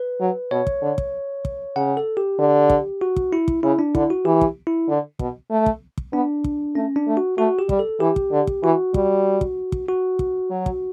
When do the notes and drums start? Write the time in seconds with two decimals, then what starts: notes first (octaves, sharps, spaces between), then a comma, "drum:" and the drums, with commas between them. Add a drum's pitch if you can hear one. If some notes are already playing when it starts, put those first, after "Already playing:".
Already playing: B4
0.20 F#3
0.51 B2 C#5
0.67 drum: kick
0.82 D3
0.98 drum: kick
1.45 drum: kick
1.76 C#3 F#5
1.97 A4
2.17 G4
2.39 D3
2.70 drum: kick
3.01 F#4
3.16 drum: kick
3.33 E4
3.48 drum: kick
3.63 C#3 E4
3.79 D4
3.95 D3 E4, drum: kick
4.10 F#4
4.25 E3 G4
4.41 drum: kick
4.67 E4
4.88 D3
5.19 B2, drum: kick
5.51 A3
5.66 drum: kick
5.98 drum: kick
6.13 B3 D4
6.44 drum: kick
6.75 A3 C#4
6.96 D4
7.07 A3
7.17 F#4
7.38 A3 F#4
7.59 G4
7.69 G3, drum: kick
7.79 A4
8.00 E3 G4
8.16 drum: kick
8.32 D3
8.47 drum: kick
8.63 E3 F#4
8.94 G3, drum: kick
9.41 drum: kick
9.72 drum: kick
9.89 F#4
10.19 drum: kick
10.50 F#3
10.66 drum: kick